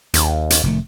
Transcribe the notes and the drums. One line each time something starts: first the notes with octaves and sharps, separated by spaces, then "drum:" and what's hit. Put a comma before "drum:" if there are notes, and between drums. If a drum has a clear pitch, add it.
D#2, drum: hi-hat
drum: hi-hat
F1 D#3 A3